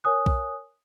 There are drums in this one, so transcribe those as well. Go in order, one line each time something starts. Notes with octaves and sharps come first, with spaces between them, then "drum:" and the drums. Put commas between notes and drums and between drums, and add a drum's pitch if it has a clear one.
A#4 C#5 G#5 D#6 F#6
drum: kick B1